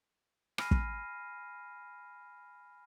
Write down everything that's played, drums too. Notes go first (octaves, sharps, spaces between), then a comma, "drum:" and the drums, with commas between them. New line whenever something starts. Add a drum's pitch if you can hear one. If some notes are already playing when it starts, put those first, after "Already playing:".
G#5 B5 F6 A#6 C7 D#7, drum: rim click
drum: kick